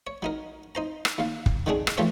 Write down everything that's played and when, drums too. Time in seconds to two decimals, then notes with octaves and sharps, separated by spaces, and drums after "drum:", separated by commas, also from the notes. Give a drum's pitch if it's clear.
0.07 C#5
0.22 F#3 D#4 A#4
0.75 D#4 C5 A#5
1.05 drum: rim click
1.18 D#2 F5
1.46 drum: kick
1.66 D3 D#3 G#3 C#4 D4 G#4
1.87 drum: rim click
1.97 E3 F3 A3 G4 C5 C#5